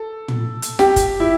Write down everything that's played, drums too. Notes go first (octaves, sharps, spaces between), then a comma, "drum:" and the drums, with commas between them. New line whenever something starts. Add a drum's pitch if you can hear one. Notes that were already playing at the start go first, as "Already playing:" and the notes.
Already playing: A4
drum: tom
drum: hi-hat
G4, drum: snare
drum: kick, hi-hat
E4